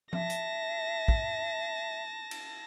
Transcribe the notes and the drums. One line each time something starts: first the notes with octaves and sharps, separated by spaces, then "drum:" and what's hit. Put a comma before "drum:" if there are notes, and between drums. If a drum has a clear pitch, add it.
E5 A5 A#6, drum: tom F3
drum: hi-hat
drum: kick
drum: cymbal